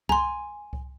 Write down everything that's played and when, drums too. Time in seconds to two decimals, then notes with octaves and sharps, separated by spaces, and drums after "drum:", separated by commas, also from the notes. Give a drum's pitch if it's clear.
0.09 G#5 A#5 C6, drum: kick C2
0.73 drum: kick C2